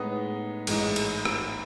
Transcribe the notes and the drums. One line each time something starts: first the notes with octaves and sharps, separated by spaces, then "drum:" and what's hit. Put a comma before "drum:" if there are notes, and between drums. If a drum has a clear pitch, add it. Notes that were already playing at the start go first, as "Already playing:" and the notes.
Already playing: A2 G#3 B3 D#4
A1 G#2 E3 G#3 D#4, drum: cymbal
drum: cymbal
drum: rim click